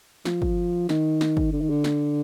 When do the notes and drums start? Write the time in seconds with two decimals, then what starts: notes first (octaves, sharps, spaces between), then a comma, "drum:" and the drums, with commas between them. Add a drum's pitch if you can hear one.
0.25 F3, drum: snare
0.42 drum: kick
0.89 D#3, drum: snare
1.21 drum: snare
1.37 drum: kick
1.52 D3
1.61 D#3
1.70 D3
1.84 drum: snare